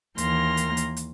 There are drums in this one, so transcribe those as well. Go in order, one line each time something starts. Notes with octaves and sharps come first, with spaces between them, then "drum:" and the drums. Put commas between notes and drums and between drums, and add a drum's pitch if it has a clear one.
D#2 E3 A#3 C6 F6 A#6, drum: hi-hat
drum: hi-hat
drum: hi-hat
drum: hi-hat